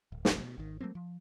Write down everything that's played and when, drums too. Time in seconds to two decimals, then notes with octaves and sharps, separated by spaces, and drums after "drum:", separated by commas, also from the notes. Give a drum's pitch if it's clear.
0.12 D1
0.25 F1 A#1, drum: snare
0.41 B2
0.58 G#1 D#3
0.80 F#3 A3 A#3 C4
0.95 F3